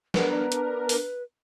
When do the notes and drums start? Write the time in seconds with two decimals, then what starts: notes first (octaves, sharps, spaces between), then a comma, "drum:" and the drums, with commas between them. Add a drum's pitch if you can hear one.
0.14 B3 D4 A#4 B4, drum: snare
0.52 drum: hi-hat
0.89 drum: open hi-hat